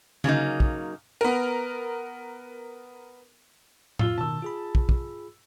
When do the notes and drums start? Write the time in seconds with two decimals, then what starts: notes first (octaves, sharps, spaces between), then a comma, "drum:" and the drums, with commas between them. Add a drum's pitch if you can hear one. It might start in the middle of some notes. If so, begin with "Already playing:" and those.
0.24 C#3 F#3 A#3 D#4, drum: tom D3
0.60 drum: kick
1.21 B3 A#4
3.99 F2 F4 E6 G7, drum: tom A2
4.18 B2 D#3 A5 E6
4.42 F4 G#4 B5
4.75 drum: kick
4.89 drum: kick